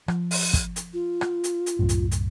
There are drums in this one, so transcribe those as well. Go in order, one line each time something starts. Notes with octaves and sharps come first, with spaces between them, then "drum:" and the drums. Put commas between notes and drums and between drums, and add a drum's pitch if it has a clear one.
F3, drum: rim click
drum: open hi-hat
drum: kick, hi-hat
drum: hi-hat
F4
drum: rim click
drum: hi-hat
drum: hi-hat
C2 F#2 A2
drum: hi-hat
drum: hi-hat